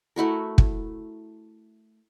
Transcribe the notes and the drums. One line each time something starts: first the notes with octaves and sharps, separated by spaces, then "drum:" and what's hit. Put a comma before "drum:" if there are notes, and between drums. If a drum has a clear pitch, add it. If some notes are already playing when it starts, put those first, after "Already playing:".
A3 E4 F#4 A#4
drum: kick